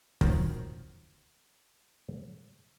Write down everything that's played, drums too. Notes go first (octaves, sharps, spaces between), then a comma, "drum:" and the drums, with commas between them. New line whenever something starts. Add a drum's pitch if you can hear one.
D#3 F4 F#4 A#4 C5 C#5, drum: kick